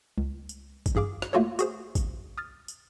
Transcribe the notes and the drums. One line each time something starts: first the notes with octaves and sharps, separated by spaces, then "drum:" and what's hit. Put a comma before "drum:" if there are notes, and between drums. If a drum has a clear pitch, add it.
C#2
drum: tambourine
drum: kick, tambourine
A1 G2 G#4 F5 D6
drum: rim click
A3 A#3 F4 F#4 A4 C#5
F#4 G#4 C5, drum: tambourine
drum: kick, tambourine
D#6 F6 A6
drum: tambourine